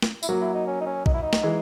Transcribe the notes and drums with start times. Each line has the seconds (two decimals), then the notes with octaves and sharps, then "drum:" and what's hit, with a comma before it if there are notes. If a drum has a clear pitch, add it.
0.02 drum: snare
0.23 E4, drum: tambourine
0.28 F#3 A#3 F#4
0.41 E4
0.54 D#4
0.67 C#4
0.81 D#4
0.86 C#4
1.06 D#4, drum: kick B1
1.14 E4
1.22 D#4
1.33 drum: snare
1.43 E3 G#3